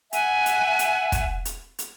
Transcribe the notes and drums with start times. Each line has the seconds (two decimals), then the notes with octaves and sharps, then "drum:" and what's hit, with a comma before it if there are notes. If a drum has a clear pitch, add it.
0.13 E5 F#5 G#5, drum: hi-hat
0.46 drum: hi-hat
0.79 drum: hi-hat
1.12 drum: kick, hi-hat
1.45 drum: hi-hat
1.79 drum: hi-hat